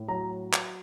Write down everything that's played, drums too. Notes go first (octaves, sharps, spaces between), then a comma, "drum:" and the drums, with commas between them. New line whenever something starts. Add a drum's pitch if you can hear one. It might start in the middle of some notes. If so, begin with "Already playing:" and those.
Already playing: A2
F#3 A#5
drum: clap